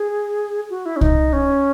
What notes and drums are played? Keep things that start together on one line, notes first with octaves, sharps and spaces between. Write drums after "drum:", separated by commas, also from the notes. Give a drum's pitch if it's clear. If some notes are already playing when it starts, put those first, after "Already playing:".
Already playing: G#4
F#4
E4
C#4
D#4, drum: kick C2
C#4